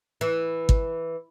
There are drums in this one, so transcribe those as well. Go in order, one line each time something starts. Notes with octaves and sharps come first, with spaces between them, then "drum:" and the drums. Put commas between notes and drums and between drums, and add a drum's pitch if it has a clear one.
E3
drum: kick